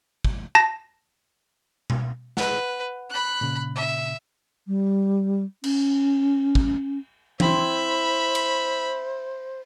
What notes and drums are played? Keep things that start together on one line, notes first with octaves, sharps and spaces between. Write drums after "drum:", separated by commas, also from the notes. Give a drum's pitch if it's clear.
drum: kick
A5 A#6
drum: tom B2
B4 F#5, drum: snare
B5 F#6
A#2 C#3
E5
G3
C#4, drum: cymbal
drum: kick
C4 E4 C5 E5 B5, drum: tom E3
drum: cymbal